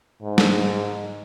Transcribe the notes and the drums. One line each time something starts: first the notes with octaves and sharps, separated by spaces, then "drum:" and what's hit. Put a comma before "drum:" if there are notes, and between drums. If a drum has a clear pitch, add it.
G#2
drum: snare